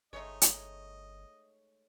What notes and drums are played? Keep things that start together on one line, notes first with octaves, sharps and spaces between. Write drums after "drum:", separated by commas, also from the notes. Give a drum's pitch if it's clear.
G1 G#3 A3 D#4 C#5 D#5
drum: hi-hat